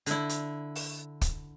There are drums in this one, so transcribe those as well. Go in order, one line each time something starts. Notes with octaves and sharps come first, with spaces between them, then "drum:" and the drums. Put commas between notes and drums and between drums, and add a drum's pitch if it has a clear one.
D3 E4, drum: hi-hat
drum: hi-hat
drum: open hi-hat
drum: kick, hi-hat